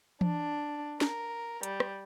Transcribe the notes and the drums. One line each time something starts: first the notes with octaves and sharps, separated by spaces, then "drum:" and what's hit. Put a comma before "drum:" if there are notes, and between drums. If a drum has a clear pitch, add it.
D4, drum: tom E3
A#4, drum: snare
G3, drum: hi-hat
drum: rim click